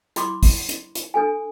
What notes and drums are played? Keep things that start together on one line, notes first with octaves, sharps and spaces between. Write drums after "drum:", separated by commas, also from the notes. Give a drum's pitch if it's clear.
E4 B5 C6 D6, drum: hi-hat
drum: kick, open hi-hat
drum: hi-hat
drum: hi-hat
D4 A4 G#5